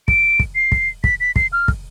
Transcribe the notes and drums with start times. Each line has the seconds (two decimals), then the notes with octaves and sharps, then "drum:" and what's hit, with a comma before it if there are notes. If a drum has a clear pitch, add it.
0.08 D7, drum: kick
0.39 drum: kick
0.55 C7
0.72 drum: kick
1.04 B6, drum: kick
1.20 B6
1.36 C7, drum: kick
1.53 F6
1.68 drum: kick